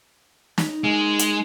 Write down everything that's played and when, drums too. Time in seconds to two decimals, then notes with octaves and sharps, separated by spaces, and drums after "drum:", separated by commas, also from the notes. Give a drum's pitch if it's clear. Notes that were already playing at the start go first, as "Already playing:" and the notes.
0.58 D#4, drum: snare
0.84 G#3 A#3
1.19 drum: hi-hat